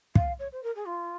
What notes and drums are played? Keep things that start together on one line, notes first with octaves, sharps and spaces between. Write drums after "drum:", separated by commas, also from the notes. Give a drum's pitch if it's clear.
F5, drum: kick
C#5
C5
A#4
G#4
F4